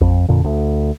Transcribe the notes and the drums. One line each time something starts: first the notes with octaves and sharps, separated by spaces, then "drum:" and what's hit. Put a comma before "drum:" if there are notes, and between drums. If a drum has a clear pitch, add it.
F2, drum: kick A1
F2 A#2 D3
D2